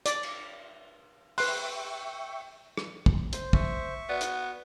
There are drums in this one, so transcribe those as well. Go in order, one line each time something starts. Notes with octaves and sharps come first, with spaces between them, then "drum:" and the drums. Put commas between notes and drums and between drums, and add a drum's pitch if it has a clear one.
D5, drum: hi-hat
drum: cymbal
B4 E5 G5 C6 C#6 F#6, drum: open hi-hat
drum: rim click
drum: kick
C5, drum: hi-hat
E5 C#6, drum: kick
B3 F#4 D5
drum: hi-hat